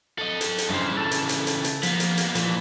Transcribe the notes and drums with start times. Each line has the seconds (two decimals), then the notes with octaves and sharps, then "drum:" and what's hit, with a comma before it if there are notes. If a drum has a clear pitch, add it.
0.18 A4 D#5
0.41 drum: hi-hat
0.58 drum: hi-hat
0.70 G2 C#3 E3 F3 C5
0.97 A4 A5
1.11 drum: hi-hat
1.29 drum: hi-hat
1.47 drum: hi-hat
1.64 drum: hi-hat
1.83 F3 A#3 B3, drum: hi-hat
2.00 drum: hi-hat
2.17 drum: hi-hat
2.35 A#2 E3 F3, drum: hi-hat